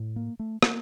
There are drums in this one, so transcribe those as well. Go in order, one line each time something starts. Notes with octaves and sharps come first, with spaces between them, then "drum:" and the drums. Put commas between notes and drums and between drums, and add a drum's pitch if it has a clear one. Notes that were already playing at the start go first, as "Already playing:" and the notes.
Already playing: A2
A#3
A3
A#3, drum: rim click